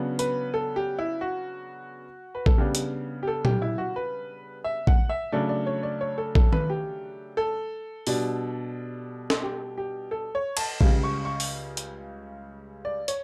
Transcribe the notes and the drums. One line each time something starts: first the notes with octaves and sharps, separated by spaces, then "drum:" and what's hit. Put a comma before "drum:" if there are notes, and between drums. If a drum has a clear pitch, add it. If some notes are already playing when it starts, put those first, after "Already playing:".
Already playing: C#3 F#3 B3 D4
B4, drum: hi-hat
A4
G4
E4
F#4
B4
A4, drum: kick A#1
C#3 G3 B3 D4 G4
drum: hi-hat
G4
A4
G4, drum: tom
E4
F#4
B4
E5
F#5, drum: kick A#1
E5
C#3 F#3 A3 D4 D5
D5
C#5
D5
C#5
A4
A4, drum: kick A#1
B4, drum: tom D#3
G4
A4
B2 G3 D4, drum: open hi-hat
drum: snare
G4
G4
A4
C#5
A5, drum: cymbal
C#2 C#3 G3, drum: kick A#1
C#6
C#6
drum: open hi-hat
drum: hi-hat
D5
C#5, drum: hi-hat